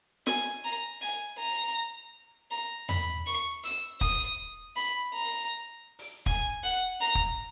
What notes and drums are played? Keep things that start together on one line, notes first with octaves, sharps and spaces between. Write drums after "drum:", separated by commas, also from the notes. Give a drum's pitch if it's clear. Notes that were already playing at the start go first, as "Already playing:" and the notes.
G#5, drum: snare
A#5
G#5
A#5
A#5
B5, drum: tom E2
C#6
E6
D#6, drum: kick
B5
A#5
drum: open hi-hat
G#5, drum: kick
F#5
A#5
drum: kick